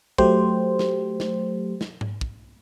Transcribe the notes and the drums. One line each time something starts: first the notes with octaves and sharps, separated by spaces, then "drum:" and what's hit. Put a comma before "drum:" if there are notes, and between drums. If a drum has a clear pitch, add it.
F#3 A3 G4 C5, drum: kick
drum: snare
drum: snare
drum: snare
drum: tom G#2
drum: kick